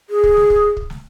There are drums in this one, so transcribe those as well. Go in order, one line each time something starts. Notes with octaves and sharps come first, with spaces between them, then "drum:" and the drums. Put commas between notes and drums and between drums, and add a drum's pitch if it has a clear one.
G#4
drum: kick
drum: snare
drum: kick
drum: kick
drum: snare